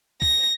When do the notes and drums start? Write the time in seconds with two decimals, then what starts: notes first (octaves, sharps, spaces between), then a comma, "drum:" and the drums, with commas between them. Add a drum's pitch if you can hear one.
0.22 A#6, drum: kick